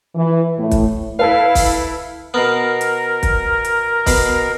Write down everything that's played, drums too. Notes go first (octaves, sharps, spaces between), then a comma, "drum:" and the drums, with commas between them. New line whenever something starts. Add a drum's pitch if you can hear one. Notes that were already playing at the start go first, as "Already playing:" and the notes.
E3
A2
drum: kick, hi-hat
E4 A4 B4 F5
drum: kick, open hi-hat
B2 B3 A#4
drum: hi-hat
drum: kick, hi-hat
drum: hi-hat
B2, drum: kick, open hi-hat